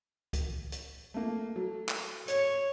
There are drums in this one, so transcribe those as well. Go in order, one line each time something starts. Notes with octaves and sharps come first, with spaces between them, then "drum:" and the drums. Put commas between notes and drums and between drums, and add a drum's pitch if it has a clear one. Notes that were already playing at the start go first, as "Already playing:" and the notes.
drum: kick C#2, hi-hat
drum: hi-hat
A3 A#3
F#3 A4
drum: clap
C#5, drum: hi-hat